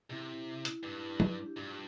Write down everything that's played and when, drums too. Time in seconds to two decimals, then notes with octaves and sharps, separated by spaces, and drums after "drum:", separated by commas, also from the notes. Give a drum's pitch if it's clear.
0.10 C3 E4
0.46 E4
0.65 drum: hi-hat
0.83 G2 D4
0.97 E4
1.10 D4
1.20 drum: tom
1.46 G4
1.56 G2 F4